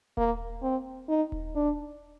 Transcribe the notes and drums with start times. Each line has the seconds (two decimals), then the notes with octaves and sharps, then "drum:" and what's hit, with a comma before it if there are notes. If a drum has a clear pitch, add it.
0.17 A#3, drum: kick D#1
0.63 C4
1.09 D#4
1.32 drum: kick D#1
1.55 D4